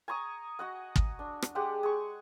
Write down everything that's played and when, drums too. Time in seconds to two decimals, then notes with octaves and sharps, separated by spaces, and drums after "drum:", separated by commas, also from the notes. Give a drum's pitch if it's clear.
0.08 G#5 A#5 C#6 D#6
0.59 F#4 D#5 F#5
0.96 drum: kick
1.19 D4
1.42 drum: rim click
1.55 G#3 G4 D5 F#5
1.83 G#4 C#6